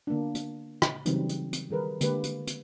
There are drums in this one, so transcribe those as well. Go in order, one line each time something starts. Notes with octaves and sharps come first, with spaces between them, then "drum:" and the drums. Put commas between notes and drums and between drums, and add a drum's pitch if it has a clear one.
D3 A#3 B3 D4
drum: hi-hat
drum: rim click
C#3 E3 F#3 G3 C4 D#4, drum: hi-hat
drum: hi-hat
drum: hi-hat
D#3 G3 G#4 A#4 B4
D3 G#3 A#3 G4 B4, drum: hi-hat
drum: hi-hat
drum: hi-hat